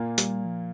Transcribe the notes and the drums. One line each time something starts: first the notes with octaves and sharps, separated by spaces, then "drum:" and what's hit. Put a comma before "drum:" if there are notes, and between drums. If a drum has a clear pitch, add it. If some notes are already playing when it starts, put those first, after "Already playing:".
Already playing: A#2 A#3
G3, drum: hi-hat
F3